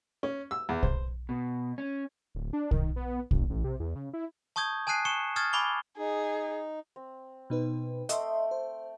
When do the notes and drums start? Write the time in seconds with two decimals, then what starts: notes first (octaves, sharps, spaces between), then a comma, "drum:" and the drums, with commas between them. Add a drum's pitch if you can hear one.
0.23 C#4
0.51 E6
0.69 E2
0.83 C5, drum: kick
1.29 B2
1.78 C#4
2.35 D1
2.53 D4
2.71 D#3, drum: kick
2.96 B3
3.31 F#1, drum: kick
3.50 A1
3.64 C3
3.80 E2
3.95 C#3
4.13 E4
4.56 A5 C#6 D#6 G6 G#6
4.87 G#5 A5 D#6 F#6 C7 D#7
5.05 C#6 C#7 E7
5.36 C#6 D#6 F6 G#6 A6
5.53 G#5 B5 C#6 D6 G7
5.98 D#4 G#4
6.96 C4
7.50 B2 D#4 B4
8.09 A3 D#5 E5 G5 C6, drum: hi-hat
8.51 C5